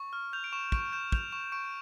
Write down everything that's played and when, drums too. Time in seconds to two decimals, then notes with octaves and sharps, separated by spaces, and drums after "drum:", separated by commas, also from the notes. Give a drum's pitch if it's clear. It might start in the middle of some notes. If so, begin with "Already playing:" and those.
Already playing: C#6
0.13 F6
0.33 G6 F7
0.44 D7
0.53 C#6 E7
0.72 C#6 D7, drum: kick
0.93 G6 E7
1.12 G6 F7, drum: kick
1.32 C#6 E7
1.52 C#6 D7